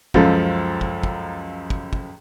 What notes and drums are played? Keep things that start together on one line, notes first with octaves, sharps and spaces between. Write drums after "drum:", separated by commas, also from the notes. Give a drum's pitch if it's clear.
C#2 F#2 F3 A4, drum: kick
drum: kick
drum: kick
drum: kick
drum: kick